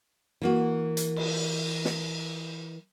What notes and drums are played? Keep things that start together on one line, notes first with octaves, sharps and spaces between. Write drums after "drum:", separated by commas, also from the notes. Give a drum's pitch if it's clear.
E3 A#3 F#4
drum: hi-hat
drum: cymbal
drum: snare